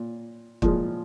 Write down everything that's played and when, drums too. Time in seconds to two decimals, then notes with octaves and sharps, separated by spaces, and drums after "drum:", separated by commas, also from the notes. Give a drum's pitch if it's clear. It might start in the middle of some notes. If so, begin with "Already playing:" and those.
Already playing: A#2
0.62 A#2 F3 G#3, drum: kick